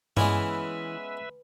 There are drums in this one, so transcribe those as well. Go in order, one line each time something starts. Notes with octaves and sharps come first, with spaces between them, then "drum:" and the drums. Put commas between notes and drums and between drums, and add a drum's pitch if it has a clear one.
E3 G#3 B3 C#4 B4 E5, drum: tom G2